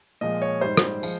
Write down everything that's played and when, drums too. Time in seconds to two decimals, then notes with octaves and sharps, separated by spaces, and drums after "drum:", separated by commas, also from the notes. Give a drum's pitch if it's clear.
0.21 A#2 F3 G#3 D#5
0.42 C#5
0.61 G#2 G3 C5
0.77 drum: rim click
1.03 F3 G#3, drum: tambourine